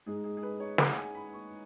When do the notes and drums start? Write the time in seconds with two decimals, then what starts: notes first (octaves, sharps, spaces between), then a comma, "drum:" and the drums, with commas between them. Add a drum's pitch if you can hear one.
0.06 G#2 G#3 D#4 G#4
0.24 G#4
0.37 G#4
0.43 B4
0.60 C#5
0.78 F#5, drum: snare
0.97 G#5
1.15 B5
1.33 C#6